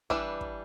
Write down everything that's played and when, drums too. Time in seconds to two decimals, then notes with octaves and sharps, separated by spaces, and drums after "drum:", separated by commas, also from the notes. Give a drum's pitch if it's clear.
0.10 E3 G3 D4 B4, drum: kick
0.41 drum: kick